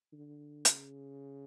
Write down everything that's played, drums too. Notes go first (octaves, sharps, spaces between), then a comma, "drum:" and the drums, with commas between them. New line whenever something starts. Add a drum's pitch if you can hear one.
D3
C#3, drum: hi-hat